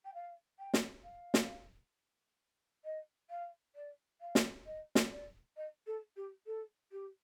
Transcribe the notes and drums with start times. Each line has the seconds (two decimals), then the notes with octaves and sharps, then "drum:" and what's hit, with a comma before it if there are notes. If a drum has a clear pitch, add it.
0.04 G5
0.14 F5
0.58 G5
0.74 drum: snare
1.03 F5
1.34 drum: snare
2.84 D#5
3.30 F5
3.75 D5
4.21 F5
4.35 drum: snare
4.65 D#5
4.95 drum: snare
5.11 D5
5.56 D#5
5.86 A4
6.16 G4
6.46 A4
6.91 G4